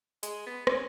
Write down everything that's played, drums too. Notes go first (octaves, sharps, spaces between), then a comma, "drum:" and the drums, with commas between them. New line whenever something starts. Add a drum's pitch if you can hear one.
G#3, drum: hi-hat
B3
C#4, drum: rim click